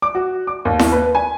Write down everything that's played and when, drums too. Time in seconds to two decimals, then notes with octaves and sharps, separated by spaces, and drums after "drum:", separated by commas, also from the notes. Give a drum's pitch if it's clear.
0.02 D6
0.15 F#4
0.47 D6
0.65 D#2
0.79 drum: snare E4
0.92 B4
1.15 G#5